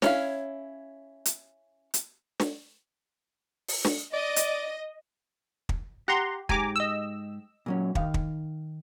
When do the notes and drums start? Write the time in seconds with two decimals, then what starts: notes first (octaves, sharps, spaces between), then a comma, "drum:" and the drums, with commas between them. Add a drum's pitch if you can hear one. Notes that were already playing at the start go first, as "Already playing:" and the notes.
0.02 C#4 E4 F5, drum: snare
1.25 drum: hi-hat
1.94 drum: hi-hat
2.40 drum: snare
3.68 drum: open hi-hat
3.85 drum: snare
4.14 D5 D#5
4.36 drum: hi-hat
5.69 drum: kick
6.08 G4 F#5 A#5 C6
6.49 G#2 G4 G#5 A#5 D6, drum: kick
6.76 D#5 E6
7.66 A#2 F#3 C#4
7.95 D#3 F5, drum: kick
8.14 drum: kick